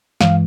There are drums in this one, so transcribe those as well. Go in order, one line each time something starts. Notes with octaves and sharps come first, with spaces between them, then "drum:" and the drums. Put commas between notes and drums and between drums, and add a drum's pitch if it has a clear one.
G2 E3 G#3 F5, drum: snare